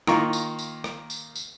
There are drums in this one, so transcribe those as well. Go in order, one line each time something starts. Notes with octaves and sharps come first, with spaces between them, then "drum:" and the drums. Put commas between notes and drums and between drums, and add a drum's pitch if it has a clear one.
D#3 A#3 F4 A#5 C#6, drum: rim click
drum: tambourine
drum: tambourine
drum: rim click
drum: tambourine
drum: tambourine